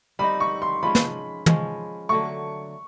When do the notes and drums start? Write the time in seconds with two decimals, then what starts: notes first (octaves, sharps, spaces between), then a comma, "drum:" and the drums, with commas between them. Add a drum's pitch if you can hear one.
0.19 G3 C4 D#4 B5
0.40 C#6
0.62 C6
0.83 F3 G#3 C#4 B5
0.95 drum: snare
1.46 F3 G#3 C#4, drum: tom
2.09 D3 F#3 A3 C#6